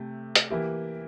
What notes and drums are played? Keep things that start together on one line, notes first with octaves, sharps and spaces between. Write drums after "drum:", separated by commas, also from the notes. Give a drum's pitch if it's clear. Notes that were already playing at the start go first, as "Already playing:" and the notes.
Already playing: C3 A3
drum: hi-hat
E3 A#3 E4 G4